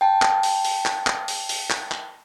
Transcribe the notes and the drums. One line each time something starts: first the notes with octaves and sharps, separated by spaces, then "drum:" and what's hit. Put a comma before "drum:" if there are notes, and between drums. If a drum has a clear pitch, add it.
G5 A5
drum: clap
drum: open hi-hat
drum: open hi-hat
drum: clap
drum: clap
drum: open hi-hat
drum: open hi-hat
drum: clap
drum: clap